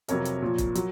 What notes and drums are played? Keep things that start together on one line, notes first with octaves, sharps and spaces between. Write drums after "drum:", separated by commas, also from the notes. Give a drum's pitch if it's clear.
F2 C3 F#3 A#4 C#5, drum: hi-hat
drum: hi-hat
A#2 F3
drum: kick, hi-hat
F#3, drum: hi-hat